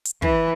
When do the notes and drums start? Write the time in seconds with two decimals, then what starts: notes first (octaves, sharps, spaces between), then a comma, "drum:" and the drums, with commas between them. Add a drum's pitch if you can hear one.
0.05 drum: hi-hat
0.22 E3, drum: kick